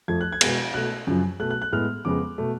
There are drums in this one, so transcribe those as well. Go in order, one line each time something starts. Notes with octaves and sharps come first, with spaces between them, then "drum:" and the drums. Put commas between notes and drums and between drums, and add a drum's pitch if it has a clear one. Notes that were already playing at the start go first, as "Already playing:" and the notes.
F2 F3 A3 G#6
F#6
G#6
B2 G#3 B3, drum: cymbal
B2 A3 F#6
F#2 C#3 F3
B2 A3 F#6
F#6
F#6
A2 G#3 B3 F6
F2 C#3 G#3 B3 D6
B2 A3